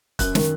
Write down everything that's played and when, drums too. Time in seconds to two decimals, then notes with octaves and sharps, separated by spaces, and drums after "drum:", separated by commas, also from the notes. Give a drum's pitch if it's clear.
0.19 F#2 F#6, drum: kick, hi-hat
0.35 D#3, drum: snare